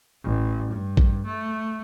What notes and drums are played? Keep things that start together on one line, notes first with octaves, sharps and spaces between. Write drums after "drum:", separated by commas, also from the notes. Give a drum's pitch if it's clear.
A1
G2
drum: kick
A3